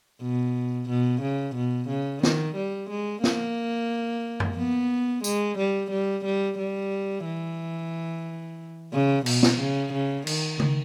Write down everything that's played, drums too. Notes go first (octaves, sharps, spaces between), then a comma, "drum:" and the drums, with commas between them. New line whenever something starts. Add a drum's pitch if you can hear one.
B2
B2
C#3
B2
C#3
D#3, drum: snare
G3
G#3
A#3, drum: snare
drum: tom F#2
B3
G#3, drum: tambourine
G3
G3
G3
G3
E3
C#3
B2, drum: cymbal
drum: snare
C#3
C#3
D#3, drum: cymbal
drum: tom C#3